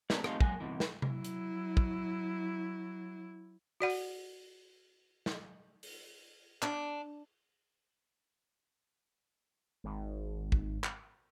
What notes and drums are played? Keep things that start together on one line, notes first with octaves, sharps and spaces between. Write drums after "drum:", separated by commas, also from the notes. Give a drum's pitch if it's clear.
A3 C4 G4 A#4 B4 D5, drum: snare
A3 C4 D#4 F4 G4 G#4, drum: rim click
F#3 G#3 A#3 G#5, drum: kick
E2 G2 C3 E3
drum: snare
F#3 E4, drum: tom C3
drum: hi-hat
drum: kick
F#4 D5 F#5
drum: open hi-hat
drum: snare
drum: open hi-hat
D4, drum: clap
G#1
drum: kick
drum: clap